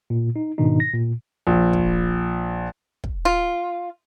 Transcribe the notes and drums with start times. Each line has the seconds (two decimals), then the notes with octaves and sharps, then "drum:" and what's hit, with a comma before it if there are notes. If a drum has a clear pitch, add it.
0.10 A#2
0.36 D#4
0.58 G#2 B2 D#3 D4 D#4
0.80 A#6
0.94 A#2
1.47 A#1
1.73 drum: kick
3.04 drum: kick
3.25 F4